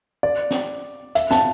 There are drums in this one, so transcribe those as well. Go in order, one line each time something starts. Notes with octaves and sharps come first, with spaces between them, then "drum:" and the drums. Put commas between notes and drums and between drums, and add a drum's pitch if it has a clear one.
D5
drum: snare
E5, drum: hi-hat
A5, drum: snare